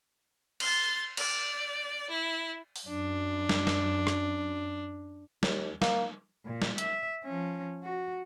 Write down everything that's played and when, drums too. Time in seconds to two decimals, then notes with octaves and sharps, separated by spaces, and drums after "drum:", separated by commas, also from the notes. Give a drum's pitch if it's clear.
0.60 C6 A6, drum: cymbal
1.17 D5, drum: cymbal
2.10 E4
2.76 drum: open hi-hat
2.88 F#2 D4
3.49 drum: snare
3.67 drum: snare
4.07 drum: rim click
5.43 D#2, drum: snare
5.82 A#3, drum: snare
6.45 A#2
6.62 drum: snare
6.78 E5, drum: hi-hat
7.24 F3 C#4
7.83 F#4